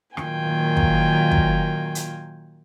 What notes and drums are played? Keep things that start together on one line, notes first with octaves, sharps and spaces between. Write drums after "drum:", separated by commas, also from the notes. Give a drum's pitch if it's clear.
A#2 D#3 F#3 F4 G5 G#5, drum: rim click
drum: kick
drum: kick
drum: hi-hat